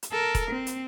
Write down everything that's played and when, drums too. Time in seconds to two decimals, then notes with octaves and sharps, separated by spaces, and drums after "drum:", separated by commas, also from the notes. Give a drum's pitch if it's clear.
0.03 drum: hi-hat
0.12 A4 A#4
0.35 drum: kick E1, hi-hat
0.51 C4
0.67 drum: hi-hat